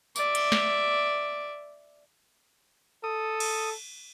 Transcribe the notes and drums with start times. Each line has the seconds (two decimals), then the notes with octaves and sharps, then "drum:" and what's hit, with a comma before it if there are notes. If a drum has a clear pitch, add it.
0.16 D5 E5, drum: tambourine
0.35 drum: cymbal
0.52 drum: snare
3.04 A4 D#6
3.40 drum: cymbal